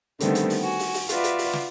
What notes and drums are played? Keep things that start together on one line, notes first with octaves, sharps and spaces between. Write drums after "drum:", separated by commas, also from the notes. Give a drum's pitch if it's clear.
D3 D#3 G3 A3 B3 C4, drum: hi-hat
drum: hi-hat
drum: open hi-hat
F#4 G#5
drum: open hi-hat
drum: open hi-hat
F4 F#4 B4 D5 E5, drum: hi-hat
drum: hi-hat
drum: open hi-hat
drum: snare